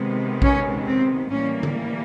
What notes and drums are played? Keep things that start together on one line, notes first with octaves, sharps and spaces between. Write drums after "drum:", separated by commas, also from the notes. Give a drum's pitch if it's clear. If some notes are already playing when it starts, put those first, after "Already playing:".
Already playing: C3 D#3 G#3 B3
C#4, drum: kick A#1
C4
A2 E3 G3 A#3 C#4
drum: tom D3